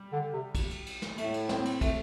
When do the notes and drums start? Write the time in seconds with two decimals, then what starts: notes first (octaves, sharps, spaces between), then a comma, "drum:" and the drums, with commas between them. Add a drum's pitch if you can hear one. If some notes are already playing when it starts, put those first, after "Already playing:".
Already playing: G3
0.12 D3
0.33 C3
0.55 drum: kick, cymbal
0.70 drum: cymbal
0.86 drum: cymbal
1.02 drum: snare
1.18 A2 A3, drum: cymbal
1.34 drum: cymbal
1.49 C4, drum: snare
1.65 drum: cymbal
1.81 A3, drum: kick, cymbal